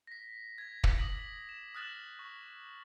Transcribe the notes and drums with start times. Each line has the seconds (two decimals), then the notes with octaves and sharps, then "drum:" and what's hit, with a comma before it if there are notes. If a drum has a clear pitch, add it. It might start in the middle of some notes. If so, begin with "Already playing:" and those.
0.07 A#6 B6
0.58 G#6 A#6
0.84 drum: kick
0.99 D6 D#6 A#6 B6 F#7
1.49 E7
1.75 D#6 F6 F#6 A6 E7 F#7
2.19 C#6